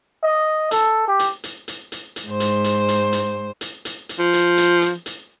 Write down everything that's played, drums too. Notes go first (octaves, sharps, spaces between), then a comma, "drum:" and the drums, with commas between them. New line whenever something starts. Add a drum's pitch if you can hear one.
D#5
A4, drum: hi-hat
G4
drum: hi-hat
drum: hi-hat
drum: hi-hat
drum: hi-hat
drum: hi-hat
G#2 C5
drum: hi-hat
drum: hi-hat
drum: hi-hat
drum: hi-hat
drum: hi-hat
drum: hi-hat
drum: hi-hat
F3
drum: hi-hat
drum: hi-hat
drum: hi-hat
drum: hi-hat